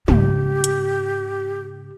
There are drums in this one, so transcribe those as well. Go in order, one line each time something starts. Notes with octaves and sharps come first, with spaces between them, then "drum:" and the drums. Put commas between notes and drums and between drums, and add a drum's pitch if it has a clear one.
G#2 C#3 G4, drum: tom
drum: hi-hat